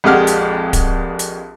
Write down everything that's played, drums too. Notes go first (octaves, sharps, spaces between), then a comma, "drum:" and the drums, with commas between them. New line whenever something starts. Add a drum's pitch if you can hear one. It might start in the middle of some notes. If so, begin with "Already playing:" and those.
A#1 F2 G#3 G4 F#5 F6
drum: hi-hat
drum: kick D1, hi-hat
drum: hi-hat